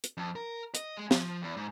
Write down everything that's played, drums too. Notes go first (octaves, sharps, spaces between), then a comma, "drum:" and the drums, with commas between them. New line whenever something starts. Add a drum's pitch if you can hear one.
drum: hi-hat
F2
A#4
D#5, drum: hi-hat
G#3
F3, drum: snare
E2
G#2